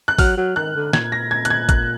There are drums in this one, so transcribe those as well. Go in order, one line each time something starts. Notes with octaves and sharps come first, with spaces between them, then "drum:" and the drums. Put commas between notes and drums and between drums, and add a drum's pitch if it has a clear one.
F#6
F#3 F6, drum: kick, open hi-hat
F#3
D#3 F#6
D3
A#2 G#6, drum: snare
A#6
G#6
F#6, drum: hi-hat
G#6
F#6, drum: kick, hi-hat